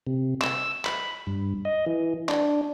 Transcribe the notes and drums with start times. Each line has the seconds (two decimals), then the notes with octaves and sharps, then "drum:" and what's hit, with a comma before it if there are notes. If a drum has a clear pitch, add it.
0.07 C3
0.41 E6, drum: clap
0.85 B5, drum: clap
1.27 G2
1.65 D#5
1.86 E3
2.29 D4, drum: clap